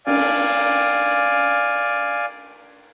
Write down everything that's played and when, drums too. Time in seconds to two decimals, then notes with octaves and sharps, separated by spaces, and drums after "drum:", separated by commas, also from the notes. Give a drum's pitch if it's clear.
0.06 D5 F5 G#5, drum: cymbal